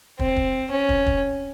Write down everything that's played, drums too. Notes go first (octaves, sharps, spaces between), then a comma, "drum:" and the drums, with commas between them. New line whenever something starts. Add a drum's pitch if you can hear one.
C4, drum: kick
drum: kick
C#4
drum: kick
drum: kick